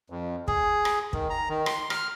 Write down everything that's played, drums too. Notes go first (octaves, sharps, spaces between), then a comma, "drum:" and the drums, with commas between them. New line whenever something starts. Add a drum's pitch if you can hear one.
F2
G#4, drum: kick
drum: rim click
D#3, drum: kick
A#5
D#3
C6, drum: rim click
F6, drum: rim click